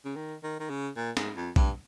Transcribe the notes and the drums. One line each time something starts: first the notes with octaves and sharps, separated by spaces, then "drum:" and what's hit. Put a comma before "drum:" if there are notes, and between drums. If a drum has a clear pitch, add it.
C#3
D#3
D#3
D#3
C#3
A#2
G#2, drum: snare
F2
G2, drum: kick B1